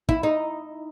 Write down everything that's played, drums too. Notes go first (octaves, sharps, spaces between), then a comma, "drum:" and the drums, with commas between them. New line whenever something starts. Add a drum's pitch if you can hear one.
E4, drum: kick
D#4